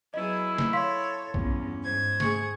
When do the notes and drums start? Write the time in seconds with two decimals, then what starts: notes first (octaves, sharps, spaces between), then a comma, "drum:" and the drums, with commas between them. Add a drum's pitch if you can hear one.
0.14 F#3 B3 E4 G#4 D#5
0.58 drum: snare
0.73 A4 C#5 F5 C6 B6
1.34 E2 G2 C#4, drum: kick A#1
1.83 G#2 C5 G#6
2.20 G#4 C#6, drum: snare